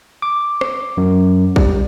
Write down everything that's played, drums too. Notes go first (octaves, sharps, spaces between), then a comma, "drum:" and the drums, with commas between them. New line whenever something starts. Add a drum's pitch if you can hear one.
D6
drum: rim click
F#2
G3, drum: kick